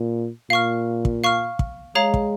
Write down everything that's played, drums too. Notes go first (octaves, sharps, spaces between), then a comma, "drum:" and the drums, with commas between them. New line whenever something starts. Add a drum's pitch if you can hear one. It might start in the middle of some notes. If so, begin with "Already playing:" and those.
Already playing: A#2
A#2 F5 C#6 F6
drum: kick
F5 C#6 F6
drum: kick
G#3 G#4 C#5 F5 A#5
drum: kick